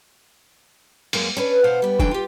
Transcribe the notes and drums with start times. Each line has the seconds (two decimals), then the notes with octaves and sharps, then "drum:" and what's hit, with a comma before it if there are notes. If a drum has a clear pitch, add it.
1.13 F#2 G#3 A#3, drum: open hi-hat
1.37 C#4 D4 B4
1.64 B2 C5 F5 F#5
1.82 G3 B3
1.99 D3 E3 F#3 D4 G5, drum: kick
2.11 F4 G4